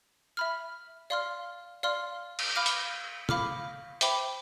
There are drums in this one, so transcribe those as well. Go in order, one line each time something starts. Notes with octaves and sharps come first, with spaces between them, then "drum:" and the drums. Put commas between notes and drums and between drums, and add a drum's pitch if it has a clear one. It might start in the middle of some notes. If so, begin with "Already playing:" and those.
E5 B5 F6
D5 F5 C6 F6
D5 F5 C6 F6
drum: cymbal
F5 B5 D6 F6
drum: hi-hat
F5 B5 D6 F6, drum: tom
C5 E5 G5 B5 D6, drum: hi-hat